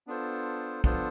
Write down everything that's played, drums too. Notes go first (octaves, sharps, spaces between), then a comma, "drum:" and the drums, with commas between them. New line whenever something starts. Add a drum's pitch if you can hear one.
B3 D4 F4 A4 C5
B3 D4 F4 A4 C5, drum: kick